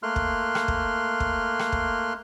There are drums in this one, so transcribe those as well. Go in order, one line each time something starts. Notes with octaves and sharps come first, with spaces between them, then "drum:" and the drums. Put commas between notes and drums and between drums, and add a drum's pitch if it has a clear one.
A3 A#3 C6 F6 F#6
drum: kick
drum: rim click
drum: kick
drum: kick
drum: rim click
drum: kick